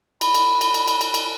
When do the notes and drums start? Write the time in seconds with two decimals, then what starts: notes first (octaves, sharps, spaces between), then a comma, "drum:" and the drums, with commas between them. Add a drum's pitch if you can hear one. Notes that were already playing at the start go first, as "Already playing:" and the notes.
0.21 B5, drum: cymbal
0.34 drum: cymbal
0.61 drum: cymbal
0.74 drum: cymbal
0.88 drum: cymbal
1.01 drum: cymbal
1.14 drum: cymbal